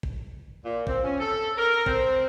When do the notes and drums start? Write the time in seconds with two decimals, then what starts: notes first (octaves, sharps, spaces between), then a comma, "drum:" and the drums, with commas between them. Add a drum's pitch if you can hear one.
0.03 drum: kick
0.65 A#2
0.87 C4, drum: kick
1.04 C#4
1.20 A4
1.58 A#4
1.86 C4, drum: kick